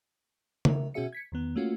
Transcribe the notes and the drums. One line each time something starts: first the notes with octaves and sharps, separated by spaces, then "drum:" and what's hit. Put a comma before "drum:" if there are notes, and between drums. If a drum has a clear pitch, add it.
A#4 E5, drum: tom
B2 C#4 F#4 G#4 E5 C#7
G#6 B6 C#7
E2 D#3 B3
A3 A#3 C#4 F4 F#4